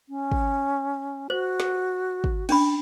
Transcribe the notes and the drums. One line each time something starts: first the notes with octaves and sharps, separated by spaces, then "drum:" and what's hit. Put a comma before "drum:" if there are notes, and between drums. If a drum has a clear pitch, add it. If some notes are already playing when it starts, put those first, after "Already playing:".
C#4
drum: kick
F#4 C5
drum: snare
drum: kick
C#4 D4 B5, drum: cymbal